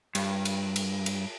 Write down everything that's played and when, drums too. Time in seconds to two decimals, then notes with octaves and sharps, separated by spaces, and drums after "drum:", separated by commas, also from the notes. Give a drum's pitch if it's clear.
0.15 G2, drum: cymbal
0.45 drum: cymbal
0.76 drum: cymbal
1.06 drum: cymbal